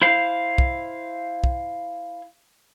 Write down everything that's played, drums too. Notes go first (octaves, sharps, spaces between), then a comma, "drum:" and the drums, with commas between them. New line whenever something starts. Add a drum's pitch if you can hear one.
E4 C5 F5
drum: kick
drum: kick